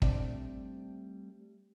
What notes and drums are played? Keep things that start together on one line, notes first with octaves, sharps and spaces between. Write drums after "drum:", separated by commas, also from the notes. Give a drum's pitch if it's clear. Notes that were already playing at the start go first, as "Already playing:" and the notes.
G3 A3 C4 D4 C5 D5, drum: kick